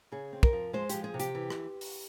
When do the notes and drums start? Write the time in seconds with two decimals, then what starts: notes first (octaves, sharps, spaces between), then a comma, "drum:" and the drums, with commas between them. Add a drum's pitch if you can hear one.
0.12 C#3 G#4
0.33 C4
0.43 A#4, drum: kick
0.53 F3
0.73 G#3 C5
0.89 F3 G4, drum: hi-hat
1.04 G#4
1.14 C3
1.20 G4, drum: hi-hat
1.35 E3
1.50 drum: rim click
1.81 drum: open hi-hat